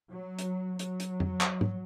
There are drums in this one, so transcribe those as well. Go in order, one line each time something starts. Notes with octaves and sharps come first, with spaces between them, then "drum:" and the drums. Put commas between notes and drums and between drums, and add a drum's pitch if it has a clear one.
F#3
drum: hi-hat
F#3, drum: hi-hat
drum: hi-hat
drum: tom F2
drum: clap
drum: tom G#2